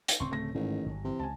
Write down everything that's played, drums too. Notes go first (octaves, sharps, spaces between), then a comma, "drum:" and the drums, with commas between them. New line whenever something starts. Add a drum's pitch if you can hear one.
drum: hi-hat
D1 C#3 C4 C6 C#6
A3 C4 A#6
A1 G#2 D#3
G1 C#2 F#3
C3 E3
C#2 G#5 A5